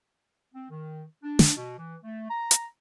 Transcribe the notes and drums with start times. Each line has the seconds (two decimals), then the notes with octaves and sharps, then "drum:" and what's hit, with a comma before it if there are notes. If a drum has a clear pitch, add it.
0.55 C4
0.71 D#3
1.23 D4
1.39 drum: snare
1.56 B2
1.78 E3
2.04 A3
2.30 A#5
2.51 drum: hi-hat